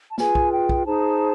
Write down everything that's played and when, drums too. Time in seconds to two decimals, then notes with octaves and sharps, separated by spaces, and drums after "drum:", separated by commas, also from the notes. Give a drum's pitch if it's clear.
0.10 A5
0.18 F4 G#4 B4 G#5, drum: snare
0.35 drum: kick
0.52 G5
0.69 drum: kick
0.86 D#4 G#4 C5 A5